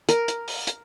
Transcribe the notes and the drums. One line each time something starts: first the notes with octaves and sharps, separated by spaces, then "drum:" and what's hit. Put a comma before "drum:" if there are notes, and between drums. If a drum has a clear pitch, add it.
A#4, drum: hi-hat
drum: hi-hat
drum: open hi-hat
drum: hi-hat